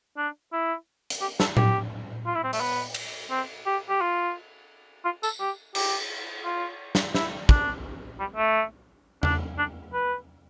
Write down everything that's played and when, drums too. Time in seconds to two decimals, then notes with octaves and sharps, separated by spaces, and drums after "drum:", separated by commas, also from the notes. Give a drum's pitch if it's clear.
0.17 D4
0.52 E4
1.10 drum: hi-hat
1.21 G4
1.40 A4, drum: snare
1.57 G4, drum: tom A2
2.26 F4
2.35 E4
2.44 C4
2.53 A3, drum: open hi-hat
2.60 B3
2.94 drum: cymbal
3.31 C4
3.66 G4
3.89 G4
4.01 F4
5.05 F4
5.23 A4, drum: tambourine
5.40 G4
5.75 G4, drum: cymbal
6.45 F4
6.95 drum: snare
7.15 E4, drum: snare
7.49 D4, drum: kick
8.20 G3
8.36 A3
9.23 D4, drum: tom E2
9.58 D4
9.93 B4